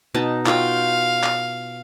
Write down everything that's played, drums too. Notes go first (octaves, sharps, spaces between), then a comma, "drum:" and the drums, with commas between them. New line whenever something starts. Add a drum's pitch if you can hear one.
B2 D#4 A5
F4 F#4 F5 G5, drum: clap
drum: clap